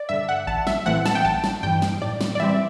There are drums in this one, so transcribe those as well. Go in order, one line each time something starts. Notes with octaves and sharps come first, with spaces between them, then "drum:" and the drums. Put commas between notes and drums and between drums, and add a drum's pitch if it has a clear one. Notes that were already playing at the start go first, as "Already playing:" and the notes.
Already playing: D5
G2 D3 E5
F#5
A1 A5
E5, drum: snare
A2 E3 A3 C4 F#5
A5, drum: snare
G5
A1 A5
drum: snare
G2 E3 G5
drum: snare
A2 D5
drum: snare
D5
E3 G3 C4 E5